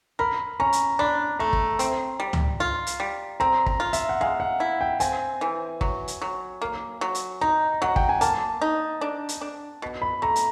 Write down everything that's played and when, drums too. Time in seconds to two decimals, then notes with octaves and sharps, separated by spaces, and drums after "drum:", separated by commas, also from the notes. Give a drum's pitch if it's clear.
0.19 A#4 B5
0.60 C#4 A#5
0.73 drum: hi-hat
0.99 D4 B5
1.40 A3 A#5
1.53 drum: kick
1.79 C4, drum: hi-hat
2.20 G3
2.33 drum: tom C#2
2.60 F4
2.87 drum: hi-hat
3.00 G3
3.40 C4 A#5
3.66 A#5, drum: kick
3.80 F4
3.93 E5, drum: hi-hat
4.09 F#5
4.21 G#3 F5
4.40 F#5
4.60 E4
4.81 G5
5.00 C4 G#5, drum: hi-hat
5.41 E3
5.81 F#3, drum: kick
6.08 drum: hi-hat
6.22 F#3
6.62 A#3
7.01 F#3
7.15 drum: hi-hat
7.41 D#4 A#5
7.82 F#3 F#5
7.96 G5, drum: kick
8.09 G#5
8.21 A#3 A5, drum: hi-hat
8.62 D#4
9.01 D4
9.29 drum: hi-hat
9.41 D4
9.82 B2
10.02 B5
10.22 A3 A#5
10.36 drum: hi-hat